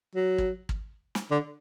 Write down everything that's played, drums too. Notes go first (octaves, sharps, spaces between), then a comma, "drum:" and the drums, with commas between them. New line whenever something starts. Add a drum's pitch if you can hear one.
F#3
drum: kick
drum: kick
drum: snare
D3